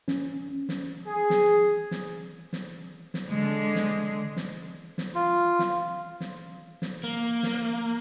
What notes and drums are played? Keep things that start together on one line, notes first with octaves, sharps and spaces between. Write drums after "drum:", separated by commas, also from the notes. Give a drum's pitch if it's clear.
C#4, drum: snare
drum: snare
G#4
drum: snare
drum: snare
drum: snare
drum: snare
D3 G#3
drum: snare
drum: snare
drum: snare
F4
drum: snare
drum: snare
drum: snare
A#3
drum: snare